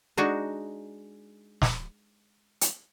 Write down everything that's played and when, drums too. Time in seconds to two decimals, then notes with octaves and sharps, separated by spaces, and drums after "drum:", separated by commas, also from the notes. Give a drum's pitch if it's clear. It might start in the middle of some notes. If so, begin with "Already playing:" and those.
0.17 G#3 D4 D#4 F#4
1.62 drum: snare
2.61 drum: hi-hat